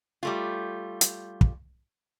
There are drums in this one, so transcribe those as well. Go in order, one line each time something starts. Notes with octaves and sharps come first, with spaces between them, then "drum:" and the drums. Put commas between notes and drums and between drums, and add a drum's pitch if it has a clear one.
G3 A3 F4
drum: hi-hat
drum: kick